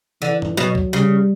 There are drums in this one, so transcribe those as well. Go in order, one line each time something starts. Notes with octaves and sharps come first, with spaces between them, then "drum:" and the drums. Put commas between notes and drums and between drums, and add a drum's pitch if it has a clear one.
D3 E3
drum: tom G2
B2 F#3
drum: kick
C#3 G3